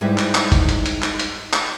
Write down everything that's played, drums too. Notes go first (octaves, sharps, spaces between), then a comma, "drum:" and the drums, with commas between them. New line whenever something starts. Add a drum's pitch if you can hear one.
G#2 G3 D#4 E4 B4 E5
drum: clap
drum: clap
drum: kick G1, hi-hat
drum: hi-hat
drum: hi-hat
drum: clap
drum: hi-hat
drum: clap